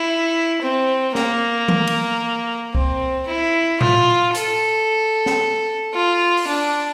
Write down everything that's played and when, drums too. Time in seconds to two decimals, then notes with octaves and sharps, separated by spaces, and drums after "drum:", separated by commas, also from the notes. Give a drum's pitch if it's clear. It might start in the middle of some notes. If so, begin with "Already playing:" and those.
Already playing: E4
0.62 C4
1.15 A#3, drum: snare
1.68 drum: tom E3
1.87 drum: cymbal
2.75 C4, drum: kick C2
3.28 E4
3.81 F4, drum: tom A2
4.35 A4, drum: hi-hat
5.26 drum: snare
5.94 F4
6.37 drum: open hi-hat
6.47 D4